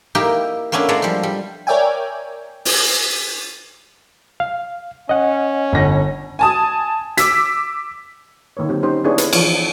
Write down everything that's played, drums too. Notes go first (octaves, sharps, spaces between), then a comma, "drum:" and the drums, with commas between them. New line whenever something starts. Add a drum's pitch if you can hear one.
A#3 D#4 E4 G4 A#4
A#3 B3 C#4 D4 E4
G#3 B4 D5 F#5 A5 A#5
F3 G3
G3
A#4 C#5 D5 E5 G5 G#5
drum: open hi-hat
F5
C#4 D#5 F#5
G1 A#6
G#5 A5 D#6
D6 E6 B6, drum: hi-hat
D3 D#3 A#3 B4 C#5
F#3 C4 G4
C#4 D#4 G4 C5
B3 D4 E4 G#4 C#5
B4, drum: hi-hat
E3 F3 F4 C#5, drum: cymbal